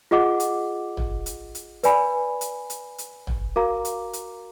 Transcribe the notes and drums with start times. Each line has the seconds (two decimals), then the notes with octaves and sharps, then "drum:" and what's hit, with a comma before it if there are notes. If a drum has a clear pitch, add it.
0.11 F4 G#4 D#5 F#5 D6
0.40 drum: hi-hat
0.97 drum: tom
1.26 drum: hi-hat
1.55 drum: hi-hat
1.83 B4 D5 G#5 B5, drum: hi-hat
2.41 drum: hi-hat
2.70 drum: hi-hat
2.98 drum: hi-hat
3.27 drum: tom
3.56 F#4 A#4 F5 A#5 D6
3.85 drum: hi-hat
4.13 drum: hi-hat